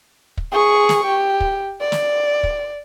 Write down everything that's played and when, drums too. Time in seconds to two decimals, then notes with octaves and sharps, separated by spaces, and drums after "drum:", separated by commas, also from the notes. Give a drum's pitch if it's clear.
0.37 drum: kick
0.52 G#4 C#6
0.89 drum: snare
1.06 G4
1.40 drum: kick
1.81 D5
1.92 drum: snare
2.43 drum: kick